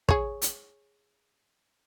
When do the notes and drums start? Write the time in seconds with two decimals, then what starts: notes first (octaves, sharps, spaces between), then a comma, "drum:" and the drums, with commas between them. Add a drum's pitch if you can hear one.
0.09 G#4 C#5, drum: kick
0.42 drum: hi-hat